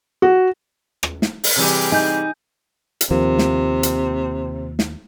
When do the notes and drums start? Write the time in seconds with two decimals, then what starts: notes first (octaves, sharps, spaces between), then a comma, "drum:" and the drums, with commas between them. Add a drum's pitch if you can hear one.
0.22 F#4
1.03 drum: rim click
1.22 drum: snare
1.44 drum: open hi-hat
1.56 C3 E3 G3 G4 G#4
1.92 D#4 G#5 G6
3.01 drum: hi-hat
3.11 D#2 C3 F3 A#3
3.39 drum: snare
3.83 drum: hi-hat
4.79 drum: snare